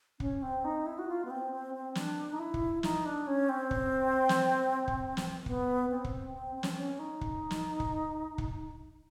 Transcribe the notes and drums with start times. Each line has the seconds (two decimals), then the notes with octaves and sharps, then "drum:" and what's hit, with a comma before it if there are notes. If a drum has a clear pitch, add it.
0.20 C#4, drum: kick
0.42 C4
0.65 D#4
0.86 E4
0.99 F#4
1.08 F4
1.25 B3
1.30 C4
1.52 C4
1.74 C4
1.95 D4, drum: snare
2.32 D#4
2.39 E4
2.54 drum: kick
2.83 D#4, drum: snare
3.05 D4
3.27 C#4
3.49 C4
3.71 drum: kick
4.29 drum: snare
4.88 drum: kick
5.17 drum: snare
5.46 B3, drum: kick
5.90 C4
6.04 drum: kick
6.34 C4
6.55 C4
6.63 C#4, drum: snare
6.69 C4
6.77 C#4
6.99 D#4
7.21 drum: kick
7.51 drum: snare
7.80 drum: kick
8.38 drum: kick